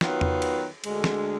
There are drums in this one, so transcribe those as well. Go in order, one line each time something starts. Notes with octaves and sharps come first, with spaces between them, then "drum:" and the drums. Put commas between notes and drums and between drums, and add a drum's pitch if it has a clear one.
D#3 F#3 B3 F4 B4, drum: snare
drum: tom E2
drum: cymbal
D2 D3 G#3, drum: cymbal
drum: snare